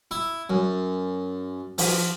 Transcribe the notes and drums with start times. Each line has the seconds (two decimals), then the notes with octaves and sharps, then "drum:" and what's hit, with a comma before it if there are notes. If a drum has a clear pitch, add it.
0.11 E4
0.50 F#2
1.78 F3, drum: open hi-hat